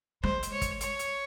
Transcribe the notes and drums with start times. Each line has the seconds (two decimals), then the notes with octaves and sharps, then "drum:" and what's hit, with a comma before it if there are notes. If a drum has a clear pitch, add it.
0.23 G#3 C5, drum: rim click
0.43 drum: hi-hat
0.52 C#5
0.61 drum: kick, hi-hat
0.81 C#5, drum: hi-hat
0.99 drum: hi-hat